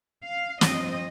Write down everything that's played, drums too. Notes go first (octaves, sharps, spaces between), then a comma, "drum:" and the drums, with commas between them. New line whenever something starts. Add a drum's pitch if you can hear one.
F5
G2 F3 C4 D#5, drum: snare